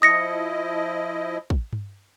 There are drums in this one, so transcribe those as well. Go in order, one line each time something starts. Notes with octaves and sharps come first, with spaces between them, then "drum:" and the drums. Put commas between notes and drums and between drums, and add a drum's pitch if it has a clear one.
F3 E4 D#5 D#6 A#6 C#7
drum: kick
drum: tom G2